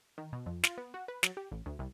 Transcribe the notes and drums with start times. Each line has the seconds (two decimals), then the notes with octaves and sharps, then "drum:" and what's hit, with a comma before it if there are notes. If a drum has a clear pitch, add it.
0.18 D#3
0.33 B2
0.46 F2
0.64 F4, drum: snare
0.78 B3
0.94 F#4
1.08 B4
1.23 F#3, drum: snare
1.37 G4
1.52 A1
1.66 D2
1.79 C2